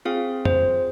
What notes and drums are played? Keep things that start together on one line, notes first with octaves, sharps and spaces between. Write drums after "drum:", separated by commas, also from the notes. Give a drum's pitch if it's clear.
C4 F4 G#4 F5
C5, drum: tom F2